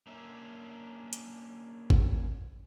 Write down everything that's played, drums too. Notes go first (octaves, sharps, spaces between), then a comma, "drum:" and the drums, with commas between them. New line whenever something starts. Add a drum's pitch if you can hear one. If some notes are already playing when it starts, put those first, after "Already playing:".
A#3 C#4 D4 E5
drum: hi-hat
drum: kick